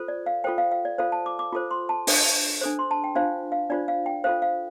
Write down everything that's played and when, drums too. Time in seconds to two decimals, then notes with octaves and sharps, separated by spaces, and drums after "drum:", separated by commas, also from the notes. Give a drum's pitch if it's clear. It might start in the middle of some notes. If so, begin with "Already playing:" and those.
Already playing: F4 A4 C5
0.08 D5
0.26 F5
0.44 F4 A4 C5 G5
0.58 F5
0.72 F5
0.85 D5
0.98 F4 A4 C5 F5
1.12 A5
1.26 D6
1.39 D6
1.53 F4 A4 C5
1.71 C6
1.89 A5
2.07 D4 A4 C5, drum: open hi-hat
2.61 D4 A4 C5
2.79 C6
2.91 A5
3.04 G5
3.15 D4 F4 C5 F5
3.52 F5
3.70 D4 F4 C5 D5
3.88 F5
4.06 G5
4.24 F4 A4 C5 F5
4.42 F5